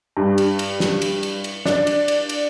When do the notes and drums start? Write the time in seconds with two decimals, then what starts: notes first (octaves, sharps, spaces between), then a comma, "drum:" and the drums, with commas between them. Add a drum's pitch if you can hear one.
0.17 G2
0.38 drum: cymbal
0.59 drum: cymbal
0.80 drum: snare
1.02 drum: cymbal
1.23 drum: cymbal
1.44 drum: cymbal
1.65 D4, drum: snare
1.87 drum: cymbal
2.08 drum: cymbal
2.29 drum: cymbal